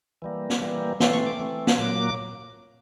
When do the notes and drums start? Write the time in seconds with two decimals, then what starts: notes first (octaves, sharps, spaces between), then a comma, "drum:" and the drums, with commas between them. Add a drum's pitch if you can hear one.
0.22 E3 G3 A#3
0.50 drum: snare
0.61 E3 G3 A#3
1.00 E3 A3 C4 C6, drum: snare
1.13 C#6
1.26 D6
1.39 E3 A3 C4
1.67 drum: snare
1.79 A#2 F#3 A#3 D6